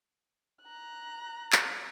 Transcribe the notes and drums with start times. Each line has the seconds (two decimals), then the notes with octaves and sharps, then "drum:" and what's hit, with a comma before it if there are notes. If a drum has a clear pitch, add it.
0.63 A#5 F#6
1.52 drum: clap